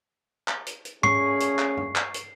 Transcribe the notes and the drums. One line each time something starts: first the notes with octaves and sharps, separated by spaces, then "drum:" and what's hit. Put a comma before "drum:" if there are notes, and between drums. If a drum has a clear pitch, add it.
drum: clap
drum: hi-hat
drum: hi-hat
A#2 A3 C#4 G#4 C#6 C7, drum: tom
drum: hi-hat
drum: clap
drum: tom G2
drum: clap
drum: hi-hat